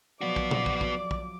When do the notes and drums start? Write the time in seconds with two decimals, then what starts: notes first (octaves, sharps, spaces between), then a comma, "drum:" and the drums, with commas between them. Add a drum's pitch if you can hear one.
0.21 F3 F#3 B3 F#4 D5 D6
0.36 drum: kick
0.51 drum: tom A#2
0.66 drum: kick
0.81 drum: kick
1.11 drum: kick